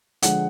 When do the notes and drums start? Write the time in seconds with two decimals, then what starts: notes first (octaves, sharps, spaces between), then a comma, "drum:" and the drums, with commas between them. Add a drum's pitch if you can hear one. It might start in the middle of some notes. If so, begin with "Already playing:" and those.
0.22 D3 F3 G#3 F#5, drum: hi-hat